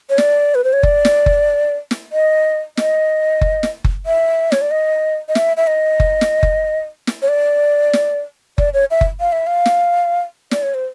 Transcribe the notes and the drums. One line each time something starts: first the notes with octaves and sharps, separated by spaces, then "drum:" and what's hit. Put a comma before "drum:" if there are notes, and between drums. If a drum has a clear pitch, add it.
C#5
D5, drum: snare
B4
C5
C#5
D5, drum: kick F#1
drum: snare
drum: kick F#1
drum: snare
D#5
D#5, drum: snare
drum: kick F#1
drum: snare
drum: kick F#1
E5
C#5, drum: snare
D5
D#5
D#5
E5, drum: snare
E5
D#5
drum: kick F#1
drum: snare
drum: kick F#1
drum: snare
C#5
D5
drum: snare
D5, drum: kick F#1
C#5
E5
drum: kick F#1
F5
E5
F5
drum: snare
D5, drum: snare
C#5
C5